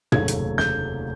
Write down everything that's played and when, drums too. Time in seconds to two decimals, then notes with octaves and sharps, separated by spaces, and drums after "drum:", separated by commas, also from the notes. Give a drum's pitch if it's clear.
0.12 F1 D#2 C#3 F#3 A3 G#6, drum: tom
0.28 drum: hi-hat
0.58 G6, drum: snare